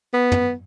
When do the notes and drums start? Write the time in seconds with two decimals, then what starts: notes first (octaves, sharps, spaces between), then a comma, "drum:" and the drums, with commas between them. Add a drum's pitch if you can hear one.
0.14 B3
0.32 drum: tom